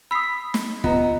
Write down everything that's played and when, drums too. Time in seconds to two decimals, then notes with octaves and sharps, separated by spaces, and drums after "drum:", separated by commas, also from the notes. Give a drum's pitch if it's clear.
0.11 B5 D#6 E6 B6 C7
0.54 drum: snare
0.84 B3 F4 D#5 A#5, drum: kick